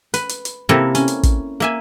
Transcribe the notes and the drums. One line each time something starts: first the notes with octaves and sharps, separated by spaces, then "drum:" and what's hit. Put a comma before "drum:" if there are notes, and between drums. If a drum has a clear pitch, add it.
B4, drum: hi-hat
drum: hi-hat
drum: hi-hat
C3 A#3 E4 A4 A#4
C#4, drum: hi-hat
drum: hi-hat
drum: kick, hi-hat
A#3 E5 G#5